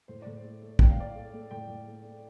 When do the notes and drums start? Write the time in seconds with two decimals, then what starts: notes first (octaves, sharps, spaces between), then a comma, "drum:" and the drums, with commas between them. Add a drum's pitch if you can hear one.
0.08 A2 C5
0.22 A2 D5
0.36 C5
0.44 A3
0.62 A3
0.79 A2 G5, drum: kick
0.90 F5
0.98 A2 D5
1.09 F5
1.15 A3
1.34 A3
1.51 A2 G5
1.68 A2
1.87 A3
2.04 A3